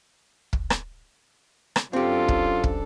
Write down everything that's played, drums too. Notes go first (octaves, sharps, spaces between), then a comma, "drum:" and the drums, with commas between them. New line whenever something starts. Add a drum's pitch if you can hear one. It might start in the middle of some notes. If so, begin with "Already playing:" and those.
drum: kick
drum: rim click
drum: rim click
F#2 C4 D4 F4 G4 A4
drum: kick
drum: kick